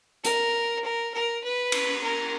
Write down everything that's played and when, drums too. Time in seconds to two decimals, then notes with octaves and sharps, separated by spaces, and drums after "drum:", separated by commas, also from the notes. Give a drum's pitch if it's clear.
0.25 A#4, drum: hi-hat
0.85 A#4
1.14 A#4
1.44 B4
1.72 drum: cymbal
2.04 A#4